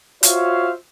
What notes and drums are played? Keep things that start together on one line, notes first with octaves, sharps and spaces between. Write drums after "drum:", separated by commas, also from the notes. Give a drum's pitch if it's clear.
F4 F#4 C5 C#5 E5 F5, drum: hi-hat